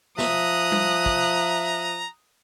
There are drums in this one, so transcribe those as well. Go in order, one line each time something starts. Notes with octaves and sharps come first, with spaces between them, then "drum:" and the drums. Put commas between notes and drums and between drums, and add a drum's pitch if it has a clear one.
F3 E5 A#5 D#6 F#6, drum: snare
drum: tom
drum: kick